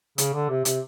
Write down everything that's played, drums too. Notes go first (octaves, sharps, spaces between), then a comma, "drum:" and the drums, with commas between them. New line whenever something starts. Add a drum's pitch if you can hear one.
C#3, drum: hi-hat
D3
C3
C3, drum: hi-hat